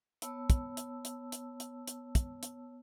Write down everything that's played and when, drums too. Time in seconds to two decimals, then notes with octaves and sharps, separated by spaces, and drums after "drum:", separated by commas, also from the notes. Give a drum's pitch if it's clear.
0.22 B3 C#5 A5 E6, drum: hi-hat
0.50 drum: kick, hi-hat
0.77 drum: hi-hat
1.05 drum: hi-hat
1.32 drum: hi-hat
1.60 drum: hi-hat
1.88 drum: hi-hat
2.15 drum: kick, hi-hat
2.43 drum: hi-hat